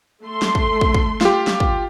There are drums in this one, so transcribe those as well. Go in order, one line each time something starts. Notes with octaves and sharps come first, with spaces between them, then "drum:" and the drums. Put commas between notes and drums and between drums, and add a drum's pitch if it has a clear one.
A3 C6
drum: snare
drum: kick
drum: kick
drum: kick
F4 G4, drum: snare
drum: snare
drum: kick